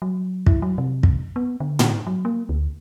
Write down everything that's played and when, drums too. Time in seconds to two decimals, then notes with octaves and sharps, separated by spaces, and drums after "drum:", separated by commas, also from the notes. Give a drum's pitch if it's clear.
0.02 F#3
0.46 E4, drum: kick
0.62 F#3
0.78 C3
1.03 drum: kick
1.36 B3
1.60 D3
1.79 drum: tom
2.07 F#3
2.25 A#3
2.49 D2